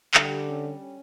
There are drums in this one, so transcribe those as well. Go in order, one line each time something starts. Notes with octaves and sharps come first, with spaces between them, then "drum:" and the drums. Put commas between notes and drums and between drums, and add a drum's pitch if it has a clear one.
D3 G3, drum: clap
G4
C#4
G3
C#4